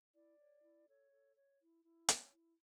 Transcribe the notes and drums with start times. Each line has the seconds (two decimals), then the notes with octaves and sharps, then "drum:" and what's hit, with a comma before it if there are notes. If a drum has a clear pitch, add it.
0.14 E4 D5
0.39 C#5
0.62 E4
0.87 A4 C#5
1.11 A4
1.35 C#5
1.60 E4
1.84 E4
2.09 C#5, drum: hi-hat
2.32 E4